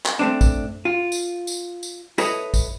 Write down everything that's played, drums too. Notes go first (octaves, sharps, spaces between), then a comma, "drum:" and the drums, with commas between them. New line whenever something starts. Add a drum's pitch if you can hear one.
drum: clap
A3 C4 D4
drum: kick, tambourine
F4
drum: tambourine
drum: tambourine
drum: tambourine
E4 A4 B4 C#5 D#5, drum: tambourine
drum: kick, tambourine